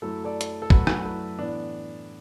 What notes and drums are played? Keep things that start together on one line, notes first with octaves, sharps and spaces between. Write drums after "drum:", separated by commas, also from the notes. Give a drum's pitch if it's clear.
F#2 F#3 A3 E4 A4
A4 D5
drum: hi-hat
A4
F#2 F#3 A3 F#4 B4, drum: kick
F#4 B4, drum: rim click
E4 A4
A2 E3 B3 D4